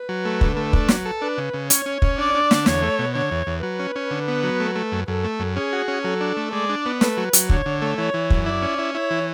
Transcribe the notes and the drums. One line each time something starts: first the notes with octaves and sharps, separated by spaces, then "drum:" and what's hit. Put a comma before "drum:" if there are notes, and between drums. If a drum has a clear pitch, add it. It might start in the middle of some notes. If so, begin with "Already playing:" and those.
Already playing: B4
F#3
A3
D3, drum: kick
A3
D4, drum: kick
F#3, drum: snare
A4
D4 B4
C#3
C#3
C#4 C#5, drum: hi-hat
C#4
C#4, drum: kick
D4 D5
D4
D3, drum: snare
E2 C#5, drum: snare
A3
B2
D3 C#5
E2
E2
F#3 B4
C#4
C#4
D3
B3
F#3
A3
A3
F#2
F#2 A4
A3
F#2
C#4 G#4
F#4
C#4
F#3 A4
D4
A3
G#3 D5
D4
B3
A3 B4, drum: snare
F#3
F#3, drum: hi-hat
D3 C#5, drum: kick
D3
A3
E3 C#5
E3
F#2, drum: kick
E4 D5
C#4
E4
E4 C#5
E3